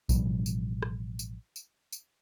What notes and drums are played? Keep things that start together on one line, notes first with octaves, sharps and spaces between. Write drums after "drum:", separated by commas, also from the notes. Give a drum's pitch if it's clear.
A1 B2 F3 G3, drum: kick A#1, tambourine
drum: tambourine
drum: rim click
drum: tambourine
drum: tambourine
drum: tambourine